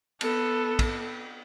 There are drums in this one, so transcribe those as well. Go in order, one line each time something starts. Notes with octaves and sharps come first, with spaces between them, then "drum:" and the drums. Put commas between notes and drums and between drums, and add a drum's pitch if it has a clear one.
B3 A4, drum: cymbal
drum: kick, cymbal